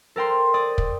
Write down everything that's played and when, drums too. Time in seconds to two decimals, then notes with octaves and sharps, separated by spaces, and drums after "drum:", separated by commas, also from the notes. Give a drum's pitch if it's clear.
0.16 A4 A#4 G5 C6
0.54 D5 D#6
0.78 drum: kick